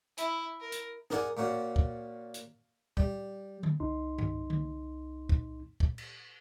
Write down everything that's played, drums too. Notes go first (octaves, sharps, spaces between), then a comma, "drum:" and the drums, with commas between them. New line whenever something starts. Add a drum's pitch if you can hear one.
E4, drum: hi-hat
A#4
drum: hi-hat
G#4 A#4 D5 F#5 G#5, drum: snare
A#2 A#3 C#4 F#4
drum: kick
drum: hi-hat
G3, drum: kick
drum: tom D3
C2 D#4 C6
drum: tom G2
drum: tom D3
drum: kick
drum: kick
drum: cymbal